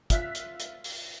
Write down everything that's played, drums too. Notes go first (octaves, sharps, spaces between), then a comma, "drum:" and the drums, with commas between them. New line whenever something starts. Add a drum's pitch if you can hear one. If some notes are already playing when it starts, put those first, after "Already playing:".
F4 E5 F#6 B6, drum: kick, hi-hat
drum: hi-hat
drum: hi-hat
drum: open hi-hat